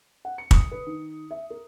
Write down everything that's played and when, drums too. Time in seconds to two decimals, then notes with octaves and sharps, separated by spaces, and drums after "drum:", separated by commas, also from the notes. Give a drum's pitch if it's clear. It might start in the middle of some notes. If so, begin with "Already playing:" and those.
0.25 F#5
0.38 C#7
0.51 D#6, drum: kick
0.72 B4
0.87 D#3
1.31 E5
1.50 A#4